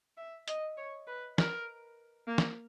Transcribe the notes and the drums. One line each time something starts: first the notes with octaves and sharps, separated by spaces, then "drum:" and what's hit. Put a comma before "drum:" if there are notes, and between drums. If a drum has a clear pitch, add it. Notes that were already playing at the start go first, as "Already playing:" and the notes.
E5
D#5, drum: hi-hat
C#5
B4
A#4, drum: snare
A#3
drum: snare